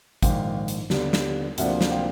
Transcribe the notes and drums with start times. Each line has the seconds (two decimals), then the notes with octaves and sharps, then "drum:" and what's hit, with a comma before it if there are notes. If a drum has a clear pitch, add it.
0.23 A#1 G#2 D#3 F5 G5, drum: kick, hi-hat
0.68 drum: hi-hat
0.90 D#2 D3 G3 B3 D4, drum: snare
1.13 drum: snare
1.58 D2 C3 F3 A#3 D4 E5 F#5, drum: hi-hat
1.81 drum: snare
1.92 F5 G5